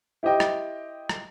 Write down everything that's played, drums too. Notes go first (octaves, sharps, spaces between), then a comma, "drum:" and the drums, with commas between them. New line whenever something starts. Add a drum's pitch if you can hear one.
E4 G4 C5 D#5 G5
drum: rim click
drum: rim click